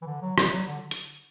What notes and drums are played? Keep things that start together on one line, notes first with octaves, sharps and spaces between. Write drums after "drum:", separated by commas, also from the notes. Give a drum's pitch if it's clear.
E3
D3
F#3
G3, drum: rim click
F#3
D3
drum: hi-hat